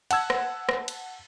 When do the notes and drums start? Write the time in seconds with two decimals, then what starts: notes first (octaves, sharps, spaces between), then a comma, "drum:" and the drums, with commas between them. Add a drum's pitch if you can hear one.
0.11 F#5 A5 E6 G#6, drum: cymbal
0.30 drum: rim click
0.69 drum: rim click
0.88 drum: cymbal